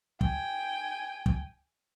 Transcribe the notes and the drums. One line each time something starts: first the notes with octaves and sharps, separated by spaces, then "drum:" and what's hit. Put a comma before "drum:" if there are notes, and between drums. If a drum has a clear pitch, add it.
G5 G#5, drum: kick
drum: kick